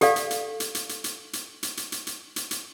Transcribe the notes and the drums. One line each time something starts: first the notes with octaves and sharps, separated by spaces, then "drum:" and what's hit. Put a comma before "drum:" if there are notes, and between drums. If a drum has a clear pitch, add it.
G4 A4 D5 F5, drum: hi-hat
drum: hi-hat
drum: hi-hat
drum: hi-hat
drum: hi-hat
drum: hi-hat
drum: hi-hat
drum: hi-hat
drum: hi-hat
drum: hi-hat
drum: hi-hat
drum: hi-hat
drum: hi-hat
drum: hi-hat